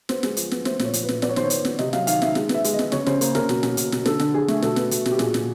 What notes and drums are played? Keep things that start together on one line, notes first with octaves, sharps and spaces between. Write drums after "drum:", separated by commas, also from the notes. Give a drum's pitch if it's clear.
B3 C5, drum: snare
G#3, drum: snare
F3, drum: hi-hat
B3, drum: snare
A3 C5, drum: snare
A#2 C#5, drum: snare
F3, drum: hi-hat
B4
A#2, drum: snare
B3 D5, drum: snare
C#5
D#3 C5, drum: snare
C#5
B3, drum: hi-hat
B3, drum: snare
C3 D#5, drum: snare
F#3 F5, drum: snare
D#3 F5, drum: hi-hat
D#3 E5, drum: snare
G#3, drum: snare
B3, drum: snare
E5
G#3, drum: hi-hat
D#5
B3, drum: snare
C#3 C#5, drum: snare
C#3 C5, drum: snare
A#3 C5, drum: hi-hat
C#3 A#4, drum: snare
B2, drum: snare
B2, drum: snare
B2, drum: hi-hat
B2, drum: snare
D3 A4, drum: snare
D3, drum: snare
D3 G#4
A3, drum: snare
B2 A4, drum: snare
B3, drum: snare
B2, drum: hi-hat
B2, drum: snare
G4
A#2 G#4, drum: snare
A#2, drum: snare